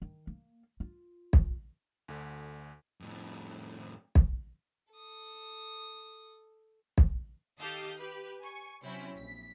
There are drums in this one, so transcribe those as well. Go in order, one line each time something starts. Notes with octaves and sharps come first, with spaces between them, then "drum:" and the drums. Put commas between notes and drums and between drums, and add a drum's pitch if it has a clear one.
D#3
A#3
F4
drum: kick B1
D2 D3
F2 A2
drum: kick B1
A4 D#6
drum: kick B1
D#3 G4 A4 F5 D#6 G6
G4 B4
G#5 C#6
C3 F#3 C4 C#4 E4
A#1 B6